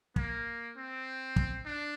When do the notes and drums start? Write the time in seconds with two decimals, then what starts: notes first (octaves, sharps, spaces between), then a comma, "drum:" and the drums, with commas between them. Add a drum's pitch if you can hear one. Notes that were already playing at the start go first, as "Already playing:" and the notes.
0.16 A#3, drum: kick
0.77 C4
1.36 drum: kick
1.66 D4